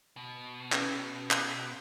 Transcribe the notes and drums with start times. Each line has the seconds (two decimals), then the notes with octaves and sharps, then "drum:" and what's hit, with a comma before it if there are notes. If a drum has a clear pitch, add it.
0.17 B2
0.72 C#4 B4, drum: clap
1.31 drum: clap